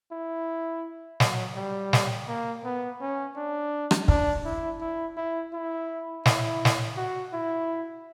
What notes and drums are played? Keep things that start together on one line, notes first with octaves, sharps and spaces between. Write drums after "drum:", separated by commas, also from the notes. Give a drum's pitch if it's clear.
E4
F#3, drum: snare
G3
drum: snare
A#3
B3
C#4
D4
drum: rim click
D4, drum: kick
E4
E4
E4
E4
E4, drum: snare
drum: snare
F#4
E4